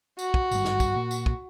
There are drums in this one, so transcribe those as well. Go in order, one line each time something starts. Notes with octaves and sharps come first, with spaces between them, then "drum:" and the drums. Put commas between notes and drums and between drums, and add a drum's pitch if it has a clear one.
F#4, drum: tambourine
drum: kick
G#1 G2, drum: tambourine
drum: snare
drum: kick, tambourine
A#2
drum: tambourine
drum: kick